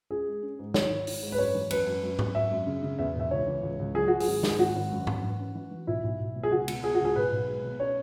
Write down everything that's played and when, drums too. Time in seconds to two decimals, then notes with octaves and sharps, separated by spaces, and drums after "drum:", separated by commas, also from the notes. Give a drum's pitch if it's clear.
0.10 C#4 G#4
0.26 G#3
0.42 C#4
0.59 G#2
0.74 G#1 C#5, drum: snare
0.90 E4
1.07 E4, drum: open hi-hat
1.22 G#2
1.32 B4
1.38 F#2 C#5
1.55 E3
1.71 F#2 B4, drum: cymbal
1.87 F#2
2.03 F#2
2.19 F#2, drum: tom G#2
2.35 F#3 E5
2.51 F#2
2.66 C#3
2.83 C#3
2.99 E2 E5
3.15 E1 E5
3.31 C#2 C#5
3.47 E3
3.63 C#2
3.79 C#2
3.95 F#3 G#4
4.08 F#3 F#4
4.20 G#4, drum: open hi-hat
4.27 G#1
4.43 G#2 G#4, drum: snare
4.59 G#1 F#4
4.75 G#1
4.92 F#2
5.07 E3, drum: tom G#2
5.24 E3
5.39 C#4
5.55 E3
5.71 E3
5.87 B1 E4
6.04 B1
6.20 B1
6.36 B2
6.43 G#4
6.52 C#2 F#4
6.68 B2, drum: cymbal
6.84 B3 G#4
6.95 C#2 F#4
7.05 G#4
7.16 B1 B4
7.32 B1
7.48 G#3
7.64 B2
7.80 C#4 C#5